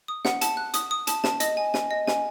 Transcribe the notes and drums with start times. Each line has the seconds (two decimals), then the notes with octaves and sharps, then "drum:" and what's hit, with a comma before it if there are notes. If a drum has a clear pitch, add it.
0.08 D#6
0.25 F#5, drum: snare
0.41 A5, drum: hi-hat
0.57 F#6
0.74 D#6, drum: hi-hat
0.91 D#6
1.07 A5, drum: hi-hat
1.24 A5, drum: snare
1.40 D#5, drum: hi-hat
1.57 G#5
1.74 G#5, drum: snare
1.91 D#5
2.07 G#5, drum: snare